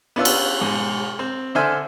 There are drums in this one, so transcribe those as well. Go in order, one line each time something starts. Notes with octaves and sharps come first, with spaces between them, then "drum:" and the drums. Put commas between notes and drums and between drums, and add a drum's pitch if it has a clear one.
B3 C#4 D4 F4 B4 E6
drum: cymbal
G#2 B2
C4
D3 D4 C5 E5 G#5 F6